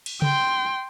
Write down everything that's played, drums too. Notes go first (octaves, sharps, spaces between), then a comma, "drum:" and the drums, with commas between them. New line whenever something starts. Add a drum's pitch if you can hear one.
drum: cymbal
G5 C6, drum: tom C#3